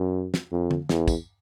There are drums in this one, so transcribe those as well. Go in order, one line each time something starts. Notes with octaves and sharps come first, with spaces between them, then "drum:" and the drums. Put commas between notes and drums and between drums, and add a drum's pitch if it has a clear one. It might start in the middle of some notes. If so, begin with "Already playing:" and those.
Already playing: F#2
drum: snare
F2
drum: tom D3
E2, drum: snare
drum: kick, tambourine